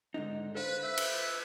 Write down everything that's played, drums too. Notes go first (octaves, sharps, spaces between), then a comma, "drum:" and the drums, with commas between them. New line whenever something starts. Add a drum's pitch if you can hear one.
G#2 D3 D#4
A4 B4 C5 F5
B4 E5
drum: cymbal